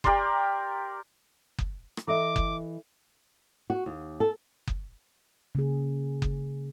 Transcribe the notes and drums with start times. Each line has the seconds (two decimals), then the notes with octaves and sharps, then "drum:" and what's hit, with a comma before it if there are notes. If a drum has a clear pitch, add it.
0.04 G4 A#4 D5 C6, drum: kick F#1
1.59 drum: kick F#1
1.97 drum: rim click
2.07 E3 E4 A4 D#5 E5 D6
2.36 drum: kick F#1
3.70 F#4
3.86 D#2
4.20 A4
4.68 drum: kick F#1
5.55 C#3 A#3 G#4
6.22 drum: kick F#1